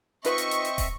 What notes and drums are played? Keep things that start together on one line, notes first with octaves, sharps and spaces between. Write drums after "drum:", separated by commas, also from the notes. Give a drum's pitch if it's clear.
C4 D#4 F4 B4 D#5 E5 C#6, drum: hi-hat
drum: hi-hat
drum: hi-hat
drum: hi-hat
drum: kick, open hi-hat